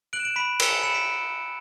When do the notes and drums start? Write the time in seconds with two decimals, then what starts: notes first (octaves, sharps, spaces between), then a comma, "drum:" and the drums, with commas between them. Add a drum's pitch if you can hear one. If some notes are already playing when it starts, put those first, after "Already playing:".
0.13 F#6 D7 F#7
0.20 E7
0.25 D7 F#7
0.36 B5 B6 D7
0.60 E6 C#7 E7, drum: cymbal
0.71 D7 F#7
0.82 B5 C#7 E7
0.94 B6 D7